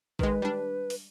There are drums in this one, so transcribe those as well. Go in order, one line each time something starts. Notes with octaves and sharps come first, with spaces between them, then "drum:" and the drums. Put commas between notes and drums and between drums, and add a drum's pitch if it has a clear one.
D#3 G#3 B4, drum: kick
G3 D4
drum: open hi-hat